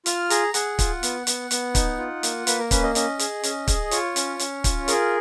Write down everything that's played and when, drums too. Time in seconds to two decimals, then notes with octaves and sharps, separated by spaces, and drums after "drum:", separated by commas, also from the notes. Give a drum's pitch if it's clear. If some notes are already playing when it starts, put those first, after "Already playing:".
0.06 F4 F6, drum: hi-hat
0.30 G#4 A#5, drum: hi-hat
0.54 G#4 F#5, drum: hi-hat
0.79 F4, drum: kick, hi-hat
1.03 B3, drum: hi-hat
1.27 B3, drum: hi-hat
1.51 B3, drum: hi-hat
1.75 D#4, drum: kick, hi-hat
1.99 F4
2.23 A#3, drum: hi-hat
2.47 A#3 B4, drum: hi-hat
2.59 A#4
2.71 C#4 B4, drum: kick, hi-hat
2.83 D#5
2.95 C#4 D#5, drum: hi-hat
3.19 G#4, drum: hi-hat
3.43 C#4, drum: hi-hat
3.68 G#4, drum: kick, hi-hat
3.91 F4 C#5, drum: hi-hat
4.16 C#4, drum: hi-hat
4.39 C#4, drum: hi-hat
4.64 F4, drum: kick, hi-hat
4.88 G#4 A#4, drum: hi-hat